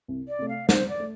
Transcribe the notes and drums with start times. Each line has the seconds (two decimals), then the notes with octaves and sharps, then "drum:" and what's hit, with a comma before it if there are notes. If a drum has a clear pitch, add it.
0.08 C2
0.28 D5
0.39 C3 A3
0.49 F5
0.69 C2 C5, drum: snare
0.89 D5
1.00 A3